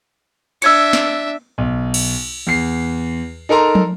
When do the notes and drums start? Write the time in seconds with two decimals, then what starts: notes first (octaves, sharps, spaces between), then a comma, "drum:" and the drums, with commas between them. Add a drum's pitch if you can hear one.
0.62 D4 E5 E6 G#6 C#7, drum: cymbal
0.93 drum: snare
1.58 B1
1.94 drum: cymbal
2.47 E2 C7
3.49 D#4 A4 A#4 A#5 C6
3.75 drum: tom